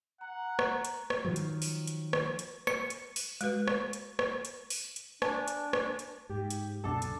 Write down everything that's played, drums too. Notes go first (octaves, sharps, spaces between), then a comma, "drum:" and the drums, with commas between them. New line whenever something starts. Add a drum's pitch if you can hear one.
F#5 A#5
drum: rim click
drum: hi-hat
drum: rim click
D#3 F3 F#3
drum: hi-hat
drum: open hi-hat
drum: hi-hat
drum: rim click
drum: hi-hat
C#7, drum: rim click
drum: hi-hat
drum: open hi-hat
G#3 F#4 B4, drum: hi-hat
drum: rim click
drum: hi-hat
drum: rim click
drum: hi-hat
drum: open hi-hat
drum: hi-hat
D4 G#5 A5, drum: rim click
drum: hi-hat
drum: rim click
drum: hi-hat
G#2 G4
drum: hi-hat
C#2 F#2 B2 D4 A4 A5
drum: hi-hat